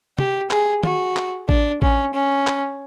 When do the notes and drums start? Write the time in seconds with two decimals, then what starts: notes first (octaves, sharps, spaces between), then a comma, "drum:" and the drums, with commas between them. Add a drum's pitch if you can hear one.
0.19 G4, drum: tom
0.51 G#4, drum: clap
0.83 F#4, drum: tom
1.16 drum: clap
1.49 D4, drum: kick A1
1.82 C#4, drum: kick A1
2.14 C#4
2.47 drum: clap